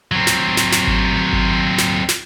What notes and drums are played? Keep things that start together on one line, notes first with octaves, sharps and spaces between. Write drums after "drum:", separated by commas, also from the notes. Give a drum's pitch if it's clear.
F#3 C4
drum: snare
drum: snare
drum: snare
drum: kick G#1
drum: kick G#1
drum: snare
drum: snare